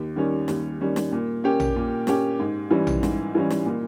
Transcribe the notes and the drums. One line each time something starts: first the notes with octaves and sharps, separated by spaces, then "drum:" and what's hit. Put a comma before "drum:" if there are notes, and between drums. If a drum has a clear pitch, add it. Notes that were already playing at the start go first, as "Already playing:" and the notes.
Already playing: D#2
D#3 G3 C#4
D#2, drum: snare
D#3 G3 C#4
drum: snare
A#2
A#3 C#4 G4
drum: tom A#1
A#2
A#3 C#4 G4, drum: snare
G#2
E3 G3 C#4
drum: tom A#1
G#2, drum: snare
E3 G3 C#4
drum: snare
A#2